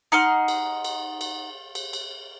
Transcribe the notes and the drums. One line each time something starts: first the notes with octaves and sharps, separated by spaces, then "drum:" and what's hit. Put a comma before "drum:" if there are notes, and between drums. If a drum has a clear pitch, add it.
D#4 F#5 C6 F6
drum: cymbal
drum: cymbal
drum: cymbal
drum: cymbal
drum: cymbal